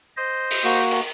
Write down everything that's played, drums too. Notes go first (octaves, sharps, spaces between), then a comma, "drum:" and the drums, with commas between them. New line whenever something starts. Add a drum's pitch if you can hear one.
C5 D#5
drum: open hi-hat
A#3 F#4
drum: cymbal